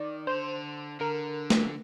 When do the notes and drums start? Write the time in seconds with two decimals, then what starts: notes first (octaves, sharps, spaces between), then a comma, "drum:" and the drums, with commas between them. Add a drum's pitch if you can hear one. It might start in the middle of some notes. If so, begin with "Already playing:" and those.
Already playing: D#3 D5
0.27 D3 C5
1.01 D3 A#4
1.50 drum: snare